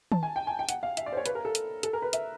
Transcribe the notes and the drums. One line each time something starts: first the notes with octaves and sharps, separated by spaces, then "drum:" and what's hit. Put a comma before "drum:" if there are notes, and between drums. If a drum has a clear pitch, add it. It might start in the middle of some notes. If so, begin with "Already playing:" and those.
A5, drum: tom D#3
G#5
G5
G#5
G5
F#5, drum: hi-hat
F5
E5, drum: hi-hat
D5
C5
C#5
B4, drum: hi-hat
A#4
A4
drum: hi-hat
A4, drum: hi-hat
A#4
B4
E5, drum: hi-hat